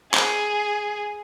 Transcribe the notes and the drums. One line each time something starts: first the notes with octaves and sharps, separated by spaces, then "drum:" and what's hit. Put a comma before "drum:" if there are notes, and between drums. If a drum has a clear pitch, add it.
G#4, drum: clap